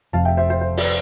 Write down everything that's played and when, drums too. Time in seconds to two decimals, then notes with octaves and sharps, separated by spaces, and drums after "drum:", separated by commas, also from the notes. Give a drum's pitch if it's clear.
0.13 F1 F2 C3 F5 A5
0.25 E5 G5
0.37 C5 E5
0.50 C5
0.61 C5
0.77 B4 D5, drum: open hi-hat